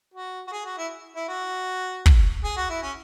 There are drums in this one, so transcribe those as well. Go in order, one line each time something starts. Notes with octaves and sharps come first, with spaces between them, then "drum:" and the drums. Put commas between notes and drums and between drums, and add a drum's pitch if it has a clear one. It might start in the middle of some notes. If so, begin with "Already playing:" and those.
F#4
F#4
G#4
F#4
E4
E4
F#4
drum: kick
G#4
F#4
E4
C#4